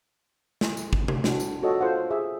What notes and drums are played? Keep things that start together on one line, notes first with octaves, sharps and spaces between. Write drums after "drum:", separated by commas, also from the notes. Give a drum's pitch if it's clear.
drum: snare
drum: tambourine
drum: kick
drum: tom C3
D4 F#4, drum: snare
drum: tambourine
F4 F#4 A4 C#5 D#5
F4 F#4 A4 C5 F5 F#5
G4 G#4 E5